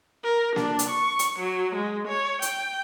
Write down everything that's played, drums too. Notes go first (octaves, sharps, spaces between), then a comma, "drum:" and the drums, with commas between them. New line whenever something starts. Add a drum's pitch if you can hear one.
A#4
D4, drum: snare A#3
drum: hi-hat
C#6
drum: hi-hat
F#3
G#3
C#5
G5, drum: hi-hat